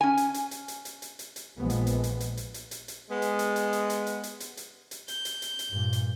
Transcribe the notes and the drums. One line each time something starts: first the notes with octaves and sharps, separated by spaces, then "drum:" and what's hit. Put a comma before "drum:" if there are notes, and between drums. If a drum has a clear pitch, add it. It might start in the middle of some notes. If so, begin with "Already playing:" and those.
C#4 G#5
drum: hi-hat
drum: hi-hat
drum: hi-hat
drum: hi-hat
drum: hi-hat
drum: hi-hat
drum: hi-hat
drum: hi-hat
A#1 F3 G#3 B3
drum: hi-hat
drum: hi-hat
drum: hi-hat
drum: hi-hat
drum: hi-hat
drum: hi-hat
drum: hi-hat
drum: hi-hat
G#3 B3
drum: hi-hat
drum: hi-hat
drum: hi-hat
drum: hi-hat
drum: hi-hat
drum: hi-hat
drum: hi-hat
drum: hi-hat
drum: hi-hat
drum: hi-hat
G6, drum: hi-hat
drum: hi-hat
drum: hi-hat
drum: hi-hat
G2 A#2
drum: hi-hat